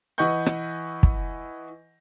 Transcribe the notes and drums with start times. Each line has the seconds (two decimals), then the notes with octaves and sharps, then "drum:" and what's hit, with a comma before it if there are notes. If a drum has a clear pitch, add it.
0.18 E3 B4 D#5 F#5 C#6 G6
0.46 drum: rim click
1.03 drum: kick